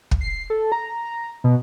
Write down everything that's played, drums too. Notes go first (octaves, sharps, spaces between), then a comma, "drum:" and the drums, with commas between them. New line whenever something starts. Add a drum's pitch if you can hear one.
drum: kick
C7
A4
A#5
B2